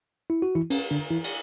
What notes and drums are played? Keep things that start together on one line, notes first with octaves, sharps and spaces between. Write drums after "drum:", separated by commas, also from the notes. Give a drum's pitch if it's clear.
E4
F#4
E3 E4
C#4, drum: cymbal
D3 D4
E3 E4
drum: cymbal